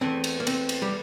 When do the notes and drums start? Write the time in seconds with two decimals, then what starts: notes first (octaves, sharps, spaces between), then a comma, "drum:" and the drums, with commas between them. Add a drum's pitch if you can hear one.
0.01 E2 E3 A3 C4
0.24 drum: cymbal
0.40 A#3
0.47 C4, drum: cymbal
0.69 drum: cymbal
0.82 G3